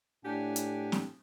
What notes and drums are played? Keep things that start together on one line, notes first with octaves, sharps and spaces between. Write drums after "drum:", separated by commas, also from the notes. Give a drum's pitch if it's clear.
A2 D4 G4 F#5 G#5
drum: hi-hat
drum: snare C4